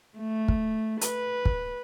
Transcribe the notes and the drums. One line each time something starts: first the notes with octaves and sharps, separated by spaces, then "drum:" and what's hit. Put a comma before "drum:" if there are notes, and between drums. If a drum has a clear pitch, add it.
A3
drum: kick
B4, drum: hi-hat
drum: kick